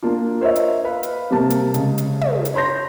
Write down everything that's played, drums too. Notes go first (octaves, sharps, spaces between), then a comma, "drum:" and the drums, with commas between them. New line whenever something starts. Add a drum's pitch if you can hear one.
A#3 D4 F4
A#4 C5 C#5 D#5 E5
drum: hi-hat
B4 F5 B5
drum: hi-hat
C3 G3 A#3 A5
drum: hi-hat
C#3 G#3, drum: hi-hat
drum: hi-hat
drum: tom
drum: hi-hat
C#5 B5 C6 G6 A#6